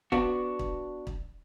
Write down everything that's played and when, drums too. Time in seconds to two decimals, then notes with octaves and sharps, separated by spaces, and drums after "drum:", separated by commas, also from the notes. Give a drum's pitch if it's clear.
0.12 B3 D4 F#4, drum: kick
0.59 drum: kick
1.07 drum: kick